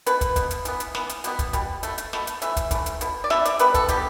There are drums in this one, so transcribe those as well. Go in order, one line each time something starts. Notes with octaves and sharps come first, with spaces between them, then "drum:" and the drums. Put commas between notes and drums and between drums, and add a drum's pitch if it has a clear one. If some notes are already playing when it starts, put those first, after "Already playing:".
B2 B3 B4, drum: hi-hat
drum: kick, hi-hat
B2 B3, drum: kick, hi-hat
drum: hi-hat
E3 B3, drum: hi-hat
drum: hi-hat
E3 B3, drum: snare
drum: hi-hat
B2 G3 B3, drum: hi-hat
drum: kick, hi-hat
B2 G3, drum: kick, hi-hat
B2 A3, drum: hi-hat
drum: hi-hat
B2 A3, drum: snare
drum: hi-hat
E3 A3 E5, drum: hi-hat
drum: kick, hi-hat
E3 A3, drum: kick, hi-hat
drum: hi-hat
B2 B3, drum: hi-hat
D5
B2 B3 E5, drum: snare
D5, drum: hi-hat
D3 G3 B3 B4, drum: hi-hat
A4, drum: kick, hi-hat
D3 G3 B3 G4, drum: kick, hi-hat